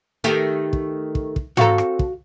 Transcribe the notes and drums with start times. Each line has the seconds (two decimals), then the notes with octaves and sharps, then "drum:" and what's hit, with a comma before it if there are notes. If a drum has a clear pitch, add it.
0.24 D#3 A3 G4
0.73 drum: kick
1.15 drum: kick
1.36 drum: kick
1.57 C4 F#4 A4 F5 A#5, drum: tom G#2
1.78 drum: rim click
1.99 drum: kick